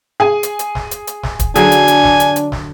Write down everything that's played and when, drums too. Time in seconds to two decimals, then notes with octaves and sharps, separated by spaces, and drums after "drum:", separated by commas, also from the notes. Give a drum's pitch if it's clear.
0.20 G#4 G#5
0.43 drum: hi-hat
0.59 drum: hi-hat
0.75 drum: snare
0.91 drum: hi-hat
1.07 drum: hi-hat
1.23 drum: snare
1.39 drum: kick D1, hi-hat
1.56 D3 F#3 D4 G#4 G#5, drum: hi-hat
1.72 drum: hi-hat
1.88 drum: hi-hat
2.04 drum: snare
2.20 drum: hi-hat
2.36 drum: hi-hat
2.52 drum: snare